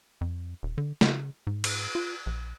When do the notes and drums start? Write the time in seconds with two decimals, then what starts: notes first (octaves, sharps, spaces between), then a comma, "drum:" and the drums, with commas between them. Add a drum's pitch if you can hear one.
0.21 F2
0.63 D#1
0.78 D3
1.01 C#3, drum: snare
1.47 G#2
1.64 drum: cymbal
1.95 F4
2.26 A#1